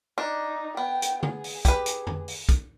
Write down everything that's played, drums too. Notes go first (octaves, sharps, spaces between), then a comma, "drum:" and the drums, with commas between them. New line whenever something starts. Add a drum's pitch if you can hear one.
D4 D#4
B3 G5
drum: hi-hat
G#4, drum: tom C#3
drum: open hi-hat
G4 B4, drum: kick, hi-hat
drum: hi-hat
drum: tom
drum: open hi-hat
drum: kick, hi-hat